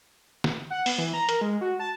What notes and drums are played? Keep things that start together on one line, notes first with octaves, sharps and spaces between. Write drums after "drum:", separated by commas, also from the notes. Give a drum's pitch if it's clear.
drum: snare
F#5
B3, drum: open hi-hat
E3
A#5
A#4, drum: hi-hat
G#3
F#4
A5